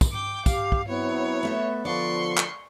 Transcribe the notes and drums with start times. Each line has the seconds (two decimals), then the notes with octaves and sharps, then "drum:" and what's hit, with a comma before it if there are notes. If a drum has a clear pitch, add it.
0.01 drum: kick, tambourine
0.12 G5 D6
0.46 G4 F5, drum: kick, tambourine
0.72 drum: kick
0.88 F#3 B3 C4 E4 C#5
1.43 A3 A4 E5
1.85 D3 F3 D5 C6 C#6
2.37 drum: clap